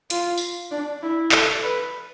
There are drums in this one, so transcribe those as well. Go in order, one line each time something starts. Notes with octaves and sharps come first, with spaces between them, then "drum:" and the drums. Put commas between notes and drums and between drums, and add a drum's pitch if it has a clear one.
F4, drum: hi-hat
drum: tambourine
D4
E4
A4, drum: clap
B4